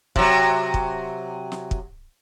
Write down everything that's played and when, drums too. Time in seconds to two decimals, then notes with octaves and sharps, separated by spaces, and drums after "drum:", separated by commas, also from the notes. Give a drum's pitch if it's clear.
0.16 C3 F#3, drum: kick
0.74 drum: kick
1.52 drum: snare
1.71 drum: kick